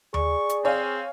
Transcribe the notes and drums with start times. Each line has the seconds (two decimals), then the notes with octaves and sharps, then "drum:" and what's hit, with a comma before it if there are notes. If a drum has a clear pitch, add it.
0.14 G#4 D5 C#6, drum: tom D#2
0.49 drum: hi-hat
0.65 C4 C#5 F5 G#5